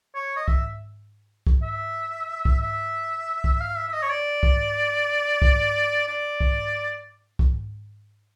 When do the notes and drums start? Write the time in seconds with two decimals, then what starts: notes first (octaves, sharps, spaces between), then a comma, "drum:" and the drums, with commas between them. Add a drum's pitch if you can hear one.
0.15 C#5
0.36 D#5
0.48 E5, drum: kick
1.47 drum: kick
1.63 E5
2.45 drum: kick
2.61 E5
3.44 drum: kick
3.61 F5
3.77 E5
3.89 E5
3.93 D#5
4.03 C#5
4.10 D5
4.43 drum: kick
5.42 drum: kick
6.08 D5
6.40 drum: kick
7.39 drum: kick